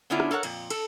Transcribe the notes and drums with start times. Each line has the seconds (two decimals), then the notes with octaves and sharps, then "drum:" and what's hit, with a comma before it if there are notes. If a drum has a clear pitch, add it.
0.10 D3 B3 C#4 D4 E4 F4
0.20 drum: rim click
0.31 A4 A#4 C#5 F#5
0.43 F2 A#2, drum: cymbal
0.70 A4, drum: cymbal